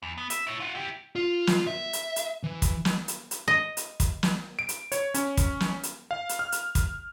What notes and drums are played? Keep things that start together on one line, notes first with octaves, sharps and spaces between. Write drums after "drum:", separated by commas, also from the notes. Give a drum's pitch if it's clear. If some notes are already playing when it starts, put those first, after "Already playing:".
E2
B3
E5, drum: hi-hat
E4 C#5
F4 F#5
E4 G4
F4
drum: snare
E5
drum: hi-hat
drum: hi-hat
E3
drum: kick, hi-hat
drum: snare
drum: hi-hat
drum: hi-hat
D#5
drum: hi-hat
drum: kick, hi-hat
drum: snare
D7
drum: hi-hat
C#5, drum: hi-hat
C#4, drum: hi-hat
drum: kick, hi-hat
drum: snare
drum: hi-hat
F5
drum: hi-hat
F6
drum: hi-hat
drum: kick, hi-hat